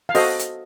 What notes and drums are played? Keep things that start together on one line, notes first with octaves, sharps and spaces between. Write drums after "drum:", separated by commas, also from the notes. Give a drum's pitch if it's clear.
F5
F#4 A4 C5 D#5, drum: open hi-hat
drum: hi-hat